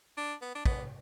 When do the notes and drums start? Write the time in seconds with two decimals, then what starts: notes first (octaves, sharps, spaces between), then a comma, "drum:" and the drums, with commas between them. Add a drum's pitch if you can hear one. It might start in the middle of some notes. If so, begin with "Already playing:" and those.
0.17 D4
0.41 B3
0.55 D4
0.66 B3, drum: kick